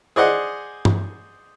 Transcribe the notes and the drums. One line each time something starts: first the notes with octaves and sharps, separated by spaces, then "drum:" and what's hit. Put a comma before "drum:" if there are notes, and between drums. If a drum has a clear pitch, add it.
G#4 C5 D5 D#5 F#5
drum: tom G2